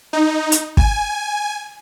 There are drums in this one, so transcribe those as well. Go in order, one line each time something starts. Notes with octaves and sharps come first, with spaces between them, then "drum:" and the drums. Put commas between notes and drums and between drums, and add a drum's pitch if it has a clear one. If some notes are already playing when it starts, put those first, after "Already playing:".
D#4
drum: hi-hat
G#5, drum: kick